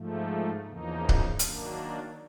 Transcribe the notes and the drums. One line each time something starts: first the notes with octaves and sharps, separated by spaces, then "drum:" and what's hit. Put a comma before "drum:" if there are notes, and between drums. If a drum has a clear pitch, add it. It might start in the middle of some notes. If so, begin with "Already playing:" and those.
Already playing: G#2 F3 A3
E2 C#3 F3 A#3 D#4
drum: kick C#1
D#3 F#3 A#3 D4, drum: hi-hat